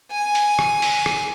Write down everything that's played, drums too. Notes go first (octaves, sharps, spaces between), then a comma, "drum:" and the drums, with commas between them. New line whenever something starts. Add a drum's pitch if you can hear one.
G#5
drum: hi-hat
drum: rim click
drum: open hi-hat
drum: rim click